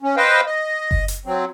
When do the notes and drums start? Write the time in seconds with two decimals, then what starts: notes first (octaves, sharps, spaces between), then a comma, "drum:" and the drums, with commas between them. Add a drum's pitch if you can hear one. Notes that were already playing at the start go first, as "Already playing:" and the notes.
0.02 C#4
0.17 B4 C5 D#5 F5 G5
0.46 D#5
0.91 drum: kick F#1
1.08 drum: hi-hat
1.26 F#3 C4